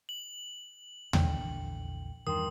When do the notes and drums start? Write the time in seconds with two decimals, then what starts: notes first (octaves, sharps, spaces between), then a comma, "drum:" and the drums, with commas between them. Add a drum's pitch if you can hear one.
0.09 F#7
1.13 A#1 E2 D3 G5, drum: tom D#2
2.27 E2 G2 D#3 A#4 G5 C6 D#6